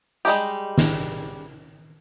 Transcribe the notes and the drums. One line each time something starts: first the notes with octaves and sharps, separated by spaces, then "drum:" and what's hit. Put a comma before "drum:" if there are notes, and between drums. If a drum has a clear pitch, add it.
G3 G#3 A#3 D#4 G4
drum: snare